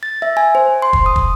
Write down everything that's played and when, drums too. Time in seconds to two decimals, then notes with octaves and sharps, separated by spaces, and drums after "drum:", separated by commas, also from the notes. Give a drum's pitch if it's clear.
0.03 A6
0.22 E5
0.37 G#5
0.55 C5
0.82 C6
0.93 drum: kick
1.06 D#6
1.16 drum: kick